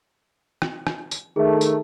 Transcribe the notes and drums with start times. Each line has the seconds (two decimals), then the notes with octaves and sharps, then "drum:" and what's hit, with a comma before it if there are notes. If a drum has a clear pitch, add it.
0.62 drum: rim click
0.87 drum: rim click
1.11 drum: tambourine
1.36 D#3 A3 G#4 E5
1.61 drum: tambourine